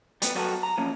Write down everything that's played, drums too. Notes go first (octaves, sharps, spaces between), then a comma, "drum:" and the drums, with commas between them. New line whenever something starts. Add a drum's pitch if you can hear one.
G3 B3, drum: hi-hat
F#3 G3 B3 F#4 A4 A#4
A#5
F3 A#3 C#4